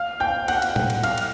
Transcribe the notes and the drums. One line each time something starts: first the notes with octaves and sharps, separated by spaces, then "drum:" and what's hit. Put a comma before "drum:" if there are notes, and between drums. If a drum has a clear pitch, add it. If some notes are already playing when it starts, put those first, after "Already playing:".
Already playing: F5 F6
G5 G6
F#5 F#6, drum: cymbal
drum: cymbal
drum: tom A2
drum: cymbal
F5 F6, drum: cymbal
drum: cymbal